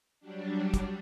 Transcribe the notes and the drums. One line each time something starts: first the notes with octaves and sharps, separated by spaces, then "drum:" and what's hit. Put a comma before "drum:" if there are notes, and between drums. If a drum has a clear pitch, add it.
F#3 G3 D4
drum: kick, hi-hat